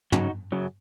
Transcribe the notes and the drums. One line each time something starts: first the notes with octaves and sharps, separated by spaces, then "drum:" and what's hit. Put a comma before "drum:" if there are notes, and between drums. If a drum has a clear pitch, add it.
F#2 C#3 F#3 D#4 F#4, drum: tom
F#2 C#3 F#3